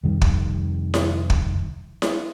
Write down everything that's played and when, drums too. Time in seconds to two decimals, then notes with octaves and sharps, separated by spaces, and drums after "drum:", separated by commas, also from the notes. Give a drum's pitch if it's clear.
0.03 F2 C3 D#3 G3
0.22 drum: kick
0.94 drum: snare E4
1.30 drum: kick
2.02 drum: snare E4